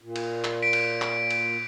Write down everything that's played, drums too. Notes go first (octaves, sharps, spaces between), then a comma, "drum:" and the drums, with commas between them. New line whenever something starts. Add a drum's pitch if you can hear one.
A#2
drum: cymbal
drum: clap
B6 D7
drum: cymbal
drum: clap
drum: cymbal